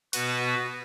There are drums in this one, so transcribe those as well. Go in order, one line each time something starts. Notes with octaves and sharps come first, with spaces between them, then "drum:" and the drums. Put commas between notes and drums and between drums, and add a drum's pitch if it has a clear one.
B2 B3 F#4 B4, drum: open hi-hat